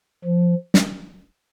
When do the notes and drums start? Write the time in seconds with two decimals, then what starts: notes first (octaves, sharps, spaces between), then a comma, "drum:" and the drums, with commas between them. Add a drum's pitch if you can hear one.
0.24 F3
0.74 drum: snare